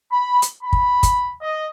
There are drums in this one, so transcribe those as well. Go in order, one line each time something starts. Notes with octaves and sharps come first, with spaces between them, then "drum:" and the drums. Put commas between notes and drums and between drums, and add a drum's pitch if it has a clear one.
B5
drum: hi-hat
B5
drum: kick
drum: kick, hi-hat
D#5